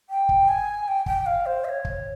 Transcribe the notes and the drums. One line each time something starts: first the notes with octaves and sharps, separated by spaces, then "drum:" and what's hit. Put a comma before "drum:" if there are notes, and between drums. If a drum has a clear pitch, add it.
G5
drum: kick
G#5
G5
G5, drum: kick
F5
C5
F5
C#5
drum: kick